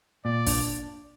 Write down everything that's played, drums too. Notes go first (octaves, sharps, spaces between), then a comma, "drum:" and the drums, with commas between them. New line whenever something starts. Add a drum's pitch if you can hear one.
A#2 D5
D4, drum: kick, open hi-hat